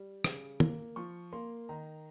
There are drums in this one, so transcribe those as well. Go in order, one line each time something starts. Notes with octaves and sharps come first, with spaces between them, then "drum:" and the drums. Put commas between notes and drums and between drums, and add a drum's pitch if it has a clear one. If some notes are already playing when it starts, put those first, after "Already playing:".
Already playing: G3
C#3, drum: rim click
A#3, drum: tom
F3 C#6
A#3 C6
D#3 A#5